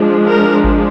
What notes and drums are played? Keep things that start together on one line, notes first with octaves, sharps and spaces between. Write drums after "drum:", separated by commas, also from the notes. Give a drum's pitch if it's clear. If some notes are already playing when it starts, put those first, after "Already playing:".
Already playing: F3 G#3 D4
A#4
drum: kick G#1